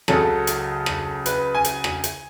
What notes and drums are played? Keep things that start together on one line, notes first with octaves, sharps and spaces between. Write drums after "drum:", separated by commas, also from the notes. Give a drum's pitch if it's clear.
C#2 C#3 F#3 A4, drum: rim click
drum: hi-hat
drum: rim click
B4, drum: hi-hat
G#5
drum: hi-hat
drum: rim click
drum: hi-hat